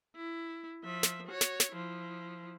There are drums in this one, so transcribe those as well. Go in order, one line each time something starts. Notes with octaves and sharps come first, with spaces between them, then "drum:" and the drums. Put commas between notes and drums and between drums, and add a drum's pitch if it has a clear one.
E4
F3 E5
drum: snare
F#4 C#5
drum: snare
drum: snare
F3 E4